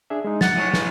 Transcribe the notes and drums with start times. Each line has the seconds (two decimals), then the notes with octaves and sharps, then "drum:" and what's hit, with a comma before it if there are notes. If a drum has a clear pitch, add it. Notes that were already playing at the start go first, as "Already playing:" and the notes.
0.10 D4 G#4 E5
0.25 G#3 D#4
0.41 F#3 F#5 A6, drum: snare
0.57 E3 C#5
0.74 B4, drum: snare